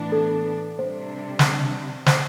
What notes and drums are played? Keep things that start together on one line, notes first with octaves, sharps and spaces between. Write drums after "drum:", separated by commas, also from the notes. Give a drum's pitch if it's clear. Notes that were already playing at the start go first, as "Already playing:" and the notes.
Already playing: A2 E3 B3 D4
A4
C3 G3 D4 C5
drum: snare
C5, drum: snare